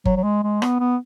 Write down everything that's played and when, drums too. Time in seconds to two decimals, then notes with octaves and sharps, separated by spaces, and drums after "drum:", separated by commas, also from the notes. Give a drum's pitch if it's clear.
0.05 F#3, drum: kick G1
0.16 F#3
0.24 G#3
0.43 G#3
0.62 B3, drum: rim click
0.79 B3